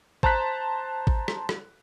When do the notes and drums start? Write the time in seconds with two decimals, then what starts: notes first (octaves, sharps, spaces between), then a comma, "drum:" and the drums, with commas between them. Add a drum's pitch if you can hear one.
0.23 C5 A5 A#5 C6 F#6 B6, drum: kick G#1
1.07 drum: kick G#1
1.28 drum: rim click
1.49 drum: rim click